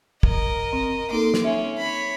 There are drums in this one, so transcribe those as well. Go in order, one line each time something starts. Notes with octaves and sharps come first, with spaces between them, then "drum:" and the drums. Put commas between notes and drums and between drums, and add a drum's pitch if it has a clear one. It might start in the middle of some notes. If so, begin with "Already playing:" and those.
A#4 D#5, drum: kick
C4
A#3 D#4 A4 C6 D6
drum: snare
C#4 E5
C#5 B5